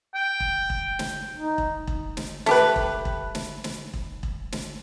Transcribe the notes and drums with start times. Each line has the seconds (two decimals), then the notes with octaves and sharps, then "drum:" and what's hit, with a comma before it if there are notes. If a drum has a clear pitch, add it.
0.15 G5
0.40 drum: kick E1
0.70 drum: kick E1
0.99 drum: snare
1.35 D#4
1.58 drum: kick E1
1.87 drum: kick E1
2.17 drum: snare
2.46 A3 G4 B4, drum: snare
2.76 drum: kick E1
3.05 drum: kick E1
3.35 drum: snare
3.64 drum: snare
3.94 drum: kick E1
4.23 drum: kick E1
4.52 drum: snare